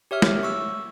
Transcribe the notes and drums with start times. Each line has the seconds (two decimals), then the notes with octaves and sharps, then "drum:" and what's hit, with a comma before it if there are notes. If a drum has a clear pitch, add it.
0.11 G4 C#5 E5 F6
0.22 drum: snare G#3
0.43 C#6 E6